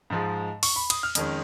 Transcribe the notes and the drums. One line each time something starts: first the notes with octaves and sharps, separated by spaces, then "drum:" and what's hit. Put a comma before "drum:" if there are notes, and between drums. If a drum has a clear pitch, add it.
G#2 F3 G#3
C#6, drum: open hi-hat
B5
D#6, drum: cymbal
F6
F2 D#3 G#3 C#4, drum: hi-hat